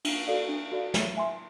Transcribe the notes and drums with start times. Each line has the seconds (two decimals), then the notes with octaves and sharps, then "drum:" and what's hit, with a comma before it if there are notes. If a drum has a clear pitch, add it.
0.05 D4, drum: cymbal
0.27 F#4 A4 D5 F5
0.49 D4
0.72 F#4 A4 D5 F5
0.94 C#5, drum: snare
1.17 E5 G#5 C6